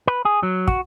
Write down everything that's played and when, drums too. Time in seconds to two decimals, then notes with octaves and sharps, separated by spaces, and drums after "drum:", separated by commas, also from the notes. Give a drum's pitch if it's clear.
0.07 B4
0.25 G#4
0.43 F#3
0.68 F#4, drum: kick